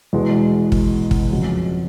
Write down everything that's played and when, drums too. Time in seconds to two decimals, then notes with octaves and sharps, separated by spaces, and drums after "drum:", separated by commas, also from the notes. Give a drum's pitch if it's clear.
0.13 E2 B2 G#3
0.72 drum: kick
1.11 drum: kick
1.31 F2 C#3 F#3